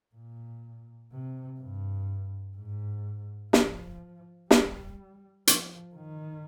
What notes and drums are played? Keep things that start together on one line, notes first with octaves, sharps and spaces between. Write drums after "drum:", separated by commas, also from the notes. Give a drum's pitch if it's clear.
A#2
C3
G2
G#2
F3, drum: snare
G3, drum: snare
F3, drum: hi-hat
D#3